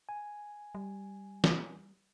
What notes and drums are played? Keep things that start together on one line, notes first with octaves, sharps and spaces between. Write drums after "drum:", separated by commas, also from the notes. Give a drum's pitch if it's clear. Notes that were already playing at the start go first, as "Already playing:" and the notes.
G#5
G3
drum: snare